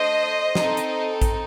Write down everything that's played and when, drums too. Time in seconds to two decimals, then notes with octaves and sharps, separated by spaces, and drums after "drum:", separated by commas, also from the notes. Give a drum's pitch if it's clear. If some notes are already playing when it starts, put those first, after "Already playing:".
Already playing: A3 D4 A4 C5 D#5
0.55 C4 D#4 A4, drum: snare
0.77 drum: hi-hat
1.22 drum: kick A1, hi-hat